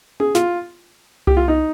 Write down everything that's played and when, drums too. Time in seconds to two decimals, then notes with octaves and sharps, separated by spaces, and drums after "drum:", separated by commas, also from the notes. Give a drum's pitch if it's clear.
0.20 G#4, drum: tom C#4
0.35 F4, drum: snare
1.27 G4, drum: tom C2
1.37 F4
1.48 D#4